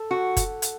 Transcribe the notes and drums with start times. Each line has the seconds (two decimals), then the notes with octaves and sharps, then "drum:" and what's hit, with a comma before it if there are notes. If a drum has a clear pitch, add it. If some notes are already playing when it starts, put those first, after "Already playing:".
Already playing: A4
0.11 F#4 F#5
0.37 drum: kick F#1, hi-hat
0.62 drum: hi-hat